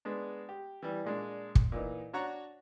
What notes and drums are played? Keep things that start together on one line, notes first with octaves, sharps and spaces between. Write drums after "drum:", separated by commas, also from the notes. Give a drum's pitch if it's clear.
G#3 B3 D4
G4
E3 G3
A#2 G#3 D4
drum: kick
A#2 E3 D#4
D4 F#4 C#5 F#5 A#5 C#6